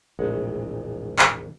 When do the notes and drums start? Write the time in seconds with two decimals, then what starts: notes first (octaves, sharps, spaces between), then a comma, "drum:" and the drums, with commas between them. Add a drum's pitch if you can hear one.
0.19 E1 A#1 A2 C3 G#3 F#5
1.19 drum: clap